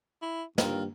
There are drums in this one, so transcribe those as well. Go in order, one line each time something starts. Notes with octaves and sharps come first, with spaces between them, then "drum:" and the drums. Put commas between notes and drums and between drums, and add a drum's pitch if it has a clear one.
E4
G2 D#3 A#3 C4 F4, drum: snare